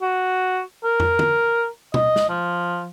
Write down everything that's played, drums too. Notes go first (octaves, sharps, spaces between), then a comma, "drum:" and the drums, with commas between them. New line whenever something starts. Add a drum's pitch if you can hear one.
F#4
A#4
drum: tom
drum: tom
D#5, drum: tom B2
drum: snare
F3